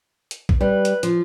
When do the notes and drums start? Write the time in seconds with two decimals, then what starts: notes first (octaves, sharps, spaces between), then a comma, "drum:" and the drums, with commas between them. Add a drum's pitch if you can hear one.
0.31 drum: hi-hat
0.49 drum: kick
0.61 G3 B4
0.85 drum: hi-hat
1.03 F3, drum: hi-hat